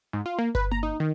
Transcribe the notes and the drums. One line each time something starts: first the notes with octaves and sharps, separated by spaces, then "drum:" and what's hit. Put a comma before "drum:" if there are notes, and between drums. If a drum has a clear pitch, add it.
G#2
F4
A#3
B4, drum: kick G1
A#5, drum: tom A#3
D#4
D#3